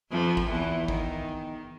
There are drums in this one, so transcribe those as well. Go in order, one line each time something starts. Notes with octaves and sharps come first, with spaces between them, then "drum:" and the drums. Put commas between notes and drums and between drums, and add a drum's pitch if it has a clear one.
F2 F3
drum: kick
E2 E3
D#3, drum: kick